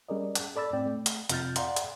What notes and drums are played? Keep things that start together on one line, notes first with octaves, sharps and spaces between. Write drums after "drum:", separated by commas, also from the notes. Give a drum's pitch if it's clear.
G3 C#4 G#4 A#4 D5 D#5
drum: hi-hat
A4 D5 B5 E6 A6
A2 C4 D5 G5
A3
drum: hi-hat
F2 C3 F4 F6 G6 A6, drum: hi-hat
D5 F5 F#5 A#5 C6, drum: hi-hat
drum: hi-hat